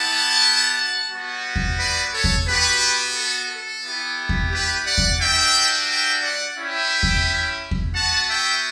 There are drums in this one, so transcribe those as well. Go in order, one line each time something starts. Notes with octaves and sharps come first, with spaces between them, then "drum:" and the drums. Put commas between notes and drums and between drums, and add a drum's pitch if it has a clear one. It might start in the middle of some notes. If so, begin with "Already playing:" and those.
Already playing: B3 E4 G4 F#5 A5
G3 B3 F#4
drum: kick E2
B4 D5
A4 C#5
drum: kick E2
B3 F#4 G4 B4
A4
A4
B3 E4 G4
drum: kick E2
G4 B4
D5 F#5
drum: kick E2
G3 D4 F#4 E5 G5
E5 G5
D5 F#5
C#4 E4 G4 E5 G5
drum: kick E2
drum: kick E2
B3 F#4 F#5 A5
E5 G5